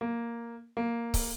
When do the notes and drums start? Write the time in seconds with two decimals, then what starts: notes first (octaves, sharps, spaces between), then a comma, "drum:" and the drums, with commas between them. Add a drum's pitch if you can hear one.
0.01 A#3
0.77 A#3
1.14 drum: kick, open hi-hat